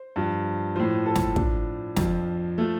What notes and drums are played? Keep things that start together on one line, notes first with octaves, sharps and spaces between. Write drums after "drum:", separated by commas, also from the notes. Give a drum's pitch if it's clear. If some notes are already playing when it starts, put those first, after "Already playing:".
Already playing: C5
G2 F3
A2 F3 C5
A4
drum: snare
A2 F3 D4, drum: kick
F2 F3, drum: snare
F3 A3